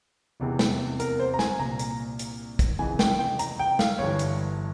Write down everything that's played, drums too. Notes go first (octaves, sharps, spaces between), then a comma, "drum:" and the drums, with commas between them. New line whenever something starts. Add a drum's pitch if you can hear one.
F1 E2 C3 E3
drum: snare
A#4, drum: hi-hat
C5
A#5
G#5, drum: snare
C2 A#2 A#5
drum: hi-hat
drum: hi-hat
drum: kick, hi-hat
F1 F2 C#3 E3 G#5
G5, drum: snare
G5
A#5, drum: hi-hat
G5
F5, drum: snare
G1 G2 E3 C#5
drum: hi-hat